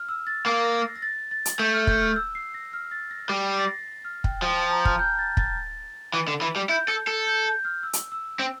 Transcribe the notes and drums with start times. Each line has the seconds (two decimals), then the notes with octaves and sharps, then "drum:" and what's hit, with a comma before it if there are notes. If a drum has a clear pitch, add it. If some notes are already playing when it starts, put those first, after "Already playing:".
Already playing: F6
0.09 E6
0.27 A6
0.46 A#3 C7
0.65 A#6
0.84 A#6
0.96 A#6
1.02 A6
1.31 A6
1.45 drum: hi-hat
1.59 A3 G6
1.74 F6
1.87 G6, drum: kick
2.02 F6
2.16 E6
2.35 C7
2.54 A#6
2.73 F6
2.91 A6
3.11 A#6
3.29 G3 C7
3.49 C7
3.59 A6
3.67 A#6
4.05 F6
4.24 G5, drum: kick
4.42 F3 G5
4.57 A5
4.71 A#5
4.80 G6
4.85 F6, drum: kick
4.99 G6
5.19 A6
5.37 A6, drum: kick
6.14 E3
6.28 D3
6.41 E3
6.56 G3
6.69 E4 G6
6.88 A4
7.07 A4
7.27 G6
7.46 G6
7.65 F6
7.83 E6
7.93 drum: hi-hat
8.12 E6
8.39 C4